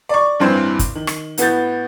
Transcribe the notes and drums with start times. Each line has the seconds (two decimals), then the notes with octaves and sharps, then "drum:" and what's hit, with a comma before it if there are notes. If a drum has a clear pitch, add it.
0.09 D5 C#6
0.40 A1 G2 E3 C4 C5
0.79 drum: kick, hi-hat
0.95 D#3
1.07 drum: rim click
1.38 A2 B3 F#4 G6 A6, drum: hi-hat